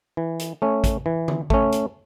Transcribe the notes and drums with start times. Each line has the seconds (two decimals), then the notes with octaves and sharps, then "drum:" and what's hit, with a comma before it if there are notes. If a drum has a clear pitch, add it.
0.17 E3
0.39 drum: hi-hat
0.62 A3 C#4
0.84 drum: kick, hi-hat
1.06 E3
1.28 drum: tom D3
1.50 A3 C#4, drum: kick
1.72 drum: hi-hat